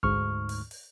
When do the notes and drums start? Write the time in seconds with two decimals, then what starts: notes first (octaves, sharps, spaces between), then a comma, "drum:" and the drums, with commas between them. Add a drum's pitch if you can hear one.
0.03 D2 G#2 C#6 F6, drum: kick
0.49 drum: open hi-hat
0.71 drum: open hi-hat